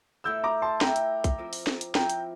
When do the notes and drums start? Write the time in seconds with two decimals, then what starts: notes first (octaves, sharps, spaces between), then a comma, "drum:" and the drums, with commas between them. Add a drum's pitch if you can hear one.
0.24 A3 E4 A#4 D5 E6 G6
0.44 A#5 D6
0.62 A5 C6
0.81 A3 E4 A#4 D5 G5 A#5, drum: snare
0.96 drum: hi-hat
1.24 drum: kick, hi-hat
1.38 F3 C4 E4 A#4
1.53 drum: open hi-hat
1.67 drum: snare
1.81 drum: hi-hat
1.95 F3 C4 E4 A#4 G5 A#5, drum: snare
2.10 drum: hi-hat